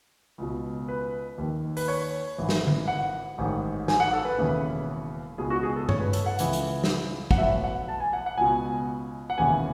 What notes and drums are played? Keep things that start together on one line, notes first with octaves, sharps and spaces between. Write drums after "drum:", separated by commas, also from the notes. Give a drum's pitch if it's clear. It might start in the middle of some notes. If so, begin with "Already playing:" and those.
C#2 B2
B4
D#2 D#3
B4, drum: open hi-hat
C#5
G#1 G#2 E3
drum: snare
drum: tom D3
F#5
A1 G#2 D#3
G#5, drum: snare
F#5
A4
B4
E1 D#2 C#3 E3
C#2 B2 G#4
F#4
G#4
A4
C#5, drum: tom G2
B4
A4, drum: hi-hat
F#5
C#2 C#3 E3, drum: hi-hat
drum: hi-hat
drum: snare
F#5, drum: kick
B1 A2 E3 E5
F#5
A5
G#5
F#5
F#5
C#2 B2 G#5
F#5
E1 D#2 C#3 E3 G#5